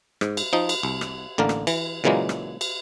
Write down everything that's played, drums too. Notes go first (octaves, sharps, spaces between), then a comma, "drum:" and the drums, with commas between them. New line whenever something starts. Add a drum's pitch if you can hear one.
G#2, drum: rim click
drum: cymbal
F3 D#4
drum: cymbal
C2
drum: rim click
A1 D3 A#3 A#4
drum: rim click
E3, drum: cymbal
A#2 C#3 E3 F#3 G#3 A#3
drum: rim click
drum: cymbal